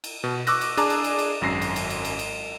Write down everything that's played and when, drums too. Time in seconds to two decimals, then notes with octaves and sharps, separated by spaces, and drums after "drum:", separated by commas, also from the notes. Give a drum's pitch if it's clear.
0.04 drum: cymbal
0.24 B2
0.47 C#6 D6 E6 F#6 A#6, drum: cymbal
0.61 drum: cymbal
0.77 D4 G#4 D5 A5 A#5 D6, drum: cymbal
0.90 drum: cymbal
1.04 drum: cymbal
1.19 drum: cymbal
1.42 G#1 F#2 A#6 C7
1.62 drum: cymbal
1.76 drum: cymbal
1.90 drum: cymbal
2.05 drum: cymbal
2.19 drum: cymbal